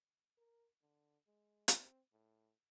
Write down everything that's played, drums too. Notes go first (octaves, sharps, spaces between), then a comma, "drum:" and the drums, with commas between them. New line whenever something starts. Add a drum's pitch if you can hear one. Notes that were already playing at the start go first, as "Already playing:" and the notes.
A#4
D3
G#3
C4, drum: hi-hat
A2